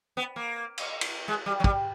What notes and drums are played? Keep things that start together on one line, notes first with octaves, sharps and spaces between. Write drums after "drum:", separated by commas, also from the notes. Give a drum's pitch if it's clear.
B3
A#3
drum: cymbal
drum: cymbal
G#3
G3
F#3
G3, drum: kick